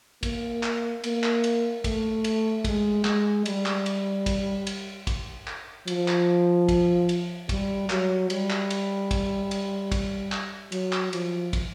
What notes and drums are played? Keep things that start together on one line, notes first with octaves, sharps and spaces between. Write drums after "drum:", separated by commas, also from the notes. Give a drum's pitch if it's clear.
A#3, drum: kick, cymbal
drum: clap
A#3, drum: cymbal
drum: clap
drum: cymbal
A3, drum: kick, cymbal
drum: cymbal
G#3, drum: kick, cymbal
G#3, drum: clap
G3, drum: cymbal
drum: clap
drum: cymbal
drum: kick, cymbal
drum: cymbal
drum: kick, cymbal
drum: clap
F3, drum: cymbal
drum: clap
drum: kick, cymbal
drum: cymbal
G3, drum: kick, cymbal
F#3, drum: clap
G3, drum: cymbal
drum: clap
drum: cymbal
drum: kick, cymbal
drum: cymbal
drum: kick, cymbal
drum: clap
F#3, drum: cymbal
drum: clap
F3, drum: cymbal
drum: kick, cymbal